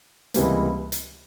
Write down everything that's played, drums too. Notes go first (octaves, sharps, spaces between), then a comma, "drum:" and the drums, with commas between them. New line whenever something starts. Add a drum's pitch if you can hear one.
C#2 C3 E3 G3 A#3, drum: hi-hat
drum: hi-hat